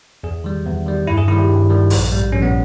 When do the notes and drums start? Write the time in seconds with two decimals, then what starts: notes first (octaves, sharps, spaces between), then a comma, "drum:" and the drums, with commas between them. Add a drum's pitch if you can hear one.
0.23 E2 G#4
0.44 D#3 G3
0.65 E2
0.86 D#3 G3
1.07 G2 E4
1.18 G#4
1.28 D#3 G3 E4
1.38 G4
1.49 G2
1.70 D#3 G3
1.90 A#1, drum: open hi-hat
2.12 G#2 G3
2.32 A#1 C#4
2.42 B3